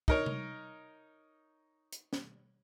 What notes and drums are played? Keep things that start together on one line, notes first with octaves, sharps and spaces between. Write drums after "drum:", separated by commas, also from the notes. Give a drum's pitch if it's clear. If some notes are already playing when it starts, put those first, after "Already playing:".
D#4 A#4 C#5, drum: kick
drum: tom C3
drum: hi-hat
drum: snare